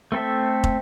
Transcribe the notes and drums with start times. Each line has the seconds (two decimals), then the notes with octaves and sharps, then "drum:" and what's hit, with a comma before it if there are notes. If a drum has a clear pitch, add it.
0.12 A3 C4 A4 E5
0.64 drum: kick